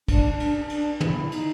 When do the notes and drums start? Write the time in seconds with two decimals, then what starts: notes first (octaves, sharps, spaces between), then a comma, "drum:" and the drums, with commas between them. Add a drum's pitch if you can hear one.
0.08 D4, drum: kick, cymbal
0.40 D4, drum: cymbal
0.69 D4, drum: cymbal
1.00 E4, drum: tom
1.32 D#4, drum: cymbal